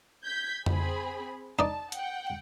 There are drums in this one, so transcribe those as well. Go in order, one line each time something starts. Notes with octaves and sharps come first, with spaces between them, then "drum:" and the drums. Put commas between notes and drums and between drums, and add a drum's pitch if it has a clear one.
G6 G#6 B6
C4 G#4 B5, drum: tom F2
D#4 D5 A5
F#5 G5, drum: hi-hat